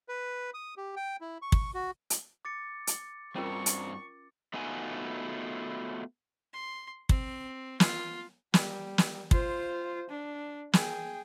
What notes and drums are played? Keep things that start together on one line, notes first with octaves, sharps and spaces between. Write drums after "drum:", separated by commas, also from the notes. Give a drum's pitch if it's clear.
B4
D#6
G4
G5
E4
C#6
drum: kick
F#4
drum: hi-hat
D6 A6 C#7
drum: hi-hat
G2 C4 C#4 F4 A#4 C#6
drum: hi-hat
A3 B3 D#4 F4 F#4 G#5
C6
C4, drum: kick
F4, drum: snare
G3, drum: snare
drum: snare
F4 C5, drum: kick
D4
G#4 G5, drum: snare